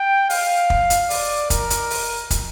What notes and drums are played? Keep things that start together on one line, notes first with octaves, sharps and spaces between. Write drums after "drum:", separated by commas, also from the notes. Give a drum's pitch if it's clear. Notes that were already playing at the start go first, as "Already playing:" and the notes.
Already playing: G5
F5, drum: open hi-hat
drum: kick
drum: hi-hat
D5, drum: open hi-hat
A#4, drum: kick, hi-hat
drum: hi-hat
drum: open hi-hat
drum: kick, hi-hat